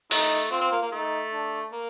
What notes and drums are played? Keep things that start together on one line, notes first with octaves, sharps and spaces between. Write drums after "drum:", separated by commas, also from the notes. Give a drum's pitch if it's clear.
A3 D#4, drum: open hi-hat
C4 F4
C4
A#3
A#3
A3 D#4
D4
A#3